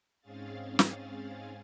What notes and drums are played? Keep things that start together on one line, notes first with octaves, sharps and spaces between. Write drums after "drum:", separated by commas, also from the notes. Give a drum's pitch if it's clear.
G#2 C4 C#4 G#4 F5 A6
drum: snare